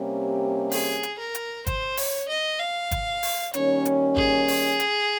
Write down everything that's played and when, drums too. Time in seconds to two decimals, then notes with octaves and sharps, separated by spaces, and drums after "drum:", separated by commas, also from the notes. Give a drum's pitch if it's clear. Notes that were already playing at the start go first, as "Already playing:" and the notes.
Already playing: C3 G3 A#3 C#4 G4
0.72 G#4, drum: open hi-hat
1.03 drum: hi-hat
1.19 A#4
1.35 drum: hi-hat
1.67 C5, drum: kick, hi-hat
1.97 C#5, drum: open hi-hat
2.29 D#5
2.59 F5
2.91 drum: kick, hi-hat
3.23 drum: open hi-hat
3.54 D#2 D#3 G3 C#4 C#5, drum: hi-hat
3.85 drum: hi-hat
4.17 G#4, drum: kick
4.48 drum: open hi-hat
4.80 drum: hi-hat